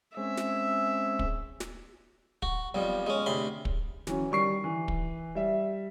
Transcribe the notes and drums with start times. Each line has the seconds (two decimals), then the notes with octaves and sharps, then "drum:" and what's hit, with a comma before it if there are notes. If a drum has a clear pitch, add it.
0.17 G#3 C4 C#4 E5
0.37 drum: snare
1.19 drum: kick
1.60 drum: snare
2.42 F#4, drum: kick
2.75 B1 F2 G3
3.07 G#3 C#4
3.26 D2 C3 B5 C6
3.65 drum: kick
4.07 E3 F#3 C#4, drum: snare
4.31 D#3 G3 C#6 C7
4.64 E3
4.88 drum: kick
5.35 G3 E5